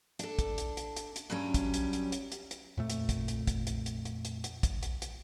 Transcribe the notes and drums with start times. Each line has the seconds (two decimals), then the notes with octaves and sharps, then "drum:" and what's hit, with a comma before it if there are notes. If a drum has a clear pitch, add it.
0.19 D4 A4, drum: hi-hat
0.39 drum: kick, hi-hat
0.58 drum: hi-hat
0.77 drum: hi-hat
0.96 drum: hi-hat
1.16 drum: hi-hat
1.30 G2 F#3 G3 C#4
1.54 drum: kick, hi-hat
1.74 drum: hi-hat
1.93 drum: hi-hat
2.12 drum: hi-hat
2.32 drum: hi-hat
2.51 drum: hi-hat
2.77 F2 A#2 A3
2.90 drum: hi-hat
3.09 drum: kick, hi-hat
3.28 drum: hi-hat
3.47 drum: kick, hi-hat
3.67 drum: hi-hat
3.86 drum: hi-hat
4.05 drum: hi-hat
4.25 drum: hi-hat
4.44 drum: hi-hat
4.63 drum: kick, hi-hat
4.83 drum: hi-hat
5.02 drum: hi-hat